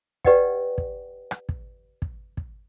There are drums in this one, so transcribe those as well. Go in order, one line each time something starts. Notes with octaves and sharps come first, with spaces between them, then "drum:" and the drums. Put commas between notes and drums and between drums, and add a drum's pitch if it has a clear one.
G4 B4 D5 D#5 F#5 G5, drum: kick
drum: kick
drum: rim click
drum: kick
drum: kick
drum: kick